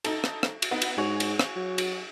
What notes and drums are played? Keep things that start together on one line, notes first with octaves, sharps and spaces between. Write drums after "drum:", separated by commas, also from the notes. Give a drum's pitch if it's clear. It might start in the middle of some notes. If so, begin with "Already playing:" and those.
D#4 A4, drum: cymbal
drum: rim click
drum: rim click
drum: cymbal
B3 D#4
drum: cymbal
G#2 F#4 G#4 C#5
drum: cymbal
drum: rim click
F#3
drum: cymbal